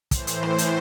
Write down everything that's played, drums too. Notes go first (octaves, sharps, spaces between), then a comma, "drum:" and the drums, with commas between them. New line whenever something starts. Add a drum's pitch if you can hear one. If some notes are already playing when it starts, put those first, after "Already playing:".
A2 E3 C5, drum: kick, hi-hat
drum: hi-hat
drum: rim click
drum: hi-hat